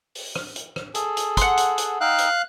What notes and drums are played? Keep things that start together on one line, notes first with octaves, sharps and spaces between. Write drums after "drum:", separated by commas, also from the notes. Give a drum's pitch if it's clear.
drum: open hi-hat
drum: rim click
drum: hi-hat
drum: rim click
G#4 A4, drum: hi-hat
drum: hi-hat
F#5 C6, drum: kick, hi-hat
drum: hi-hat
drum: hi-hat
D#4 F5 G5 E6 F#6
drum: hi-hat